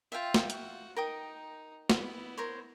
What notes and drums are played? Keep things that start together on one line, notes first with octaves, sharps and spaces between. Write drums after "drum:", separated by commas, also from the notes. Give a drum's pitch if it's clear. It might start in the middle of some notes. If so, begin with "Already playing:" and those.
F4 E5 F5 G5
drum: snare
F#4, drum: hi-hat
D#4 A#4 G5 D#6
B3 E4, drum: snare
A#4 C5 C#5